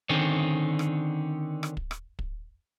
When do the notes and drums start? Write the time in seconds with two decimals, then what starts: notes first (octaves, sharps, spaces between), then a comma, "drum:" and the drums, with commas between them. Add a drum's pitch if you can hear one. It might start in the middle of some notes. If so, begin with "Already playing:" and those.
0.09 D3 D#3 C4 C#4
0.79 drum: rim click
1.63 drum: rim click
1.77 drum: kick
1.91 drum: rim click
2.19 drum: kick